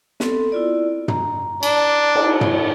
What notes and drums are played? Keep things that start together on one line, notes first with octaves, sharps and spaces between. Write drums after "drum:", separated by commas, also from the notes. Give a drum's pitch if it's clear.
B3 C4 A4, drum: snare
E4 F4 D5
A#5, drum: tom
D4, drum: cymbal
drum: cymbal
drum: tom